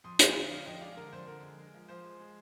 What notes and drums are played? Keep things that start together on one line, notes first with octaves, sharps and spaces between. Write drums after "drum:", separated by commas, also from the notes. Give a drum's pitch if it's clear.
F2 C6 D#6
F2 G#5 C6, drum: hi-hat
D3
F3 D5 F5
F2 D#5 G5
G#3 D5 F5
D3 A#4 D5
F2 C5
D3 A#4
G#3
G#3
F3
F3 C5
G#3
G#3